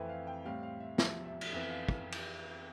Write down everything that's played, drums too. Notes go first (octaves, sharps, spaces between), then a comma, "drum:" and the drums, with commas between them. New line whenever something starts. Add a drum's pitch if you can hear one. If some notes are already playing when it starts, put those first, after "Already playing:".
Already playing: F2 E3 A3 C4 B4
F5
G5
A2 G3 C4 F5
F5
E5
E2 C3 F3 E5, drum: snare
E5
drum: cymbal
F2 E3 B3 E5
F5
drum: kick
drum: cymbal